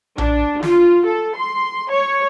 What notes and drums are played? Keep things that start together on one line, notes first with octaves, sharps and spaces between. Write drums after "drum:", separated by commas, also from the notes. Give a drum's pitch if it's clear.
D4, drum: tom A#1
F4, drum: snare
A4
C6
C#5